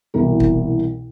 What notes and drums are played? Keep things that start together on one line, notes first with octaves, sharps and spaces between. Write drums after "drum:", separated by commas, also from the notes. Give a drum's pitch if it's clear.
C2 B2 E3 A#4
drum: kick